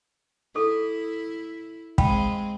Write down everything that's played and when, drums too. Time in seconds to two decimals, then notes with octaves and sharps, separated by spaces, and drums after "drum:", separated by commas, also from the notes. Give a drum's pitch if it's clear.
0.55 E4 G#4 A4
1.98 G#3 C4 F5 G5 B5, drum: kick